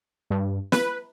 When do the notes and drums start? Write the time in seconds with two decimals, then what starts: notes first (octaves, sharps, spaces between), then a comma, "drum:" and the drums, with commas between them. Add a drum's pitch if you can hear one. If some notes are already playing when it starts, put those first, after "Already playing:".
0.30 G2
0.72 B4, drum: snare